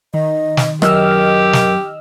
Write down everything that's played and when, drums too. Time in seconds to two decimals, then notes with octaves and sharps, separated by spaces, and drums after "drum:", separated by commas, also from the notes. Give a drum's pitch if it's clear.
0.14 D#3 D#5
0.57 drum: snare
0.82 F#2 G4 A#4 D#5 E6 F6, drum: rim click
1.53 drum: snare